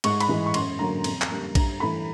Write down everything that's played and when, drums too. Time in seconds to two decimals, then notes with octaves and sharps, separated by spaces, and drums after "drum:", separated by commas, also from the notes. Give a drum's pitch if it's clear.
0.04 G#2 C#6, drum: cymbal
0.20 B5, drum: cymbal
0.29 E3 G#3
0.46 C#6
0.54 F#2 C6, drum: cymbal
0.79 D3 F#3 A#3 A#5
1.04 F2, drum: cymbal
1.21 drum: clap
1.30 D3 G3 A#3
1.55 G2 A#5, drum: kick A#1, cymbal
1.80 E3 A3 B5